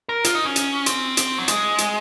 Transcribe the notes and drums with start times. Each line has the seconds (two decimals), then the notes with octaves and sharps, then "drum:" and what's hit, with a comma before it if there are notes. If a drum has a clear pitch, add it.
0.09 A#4
0.24 F4, drum: hi-hat
0.35 D#4
0.46 C#4
0.56 drum: hi-hat
0.86 C4, drum: hi-hat
1.17 drum: hi-hat
1.38 F#3
1.48 G#3, drum: hi-hat
1.78 drum: hi-hat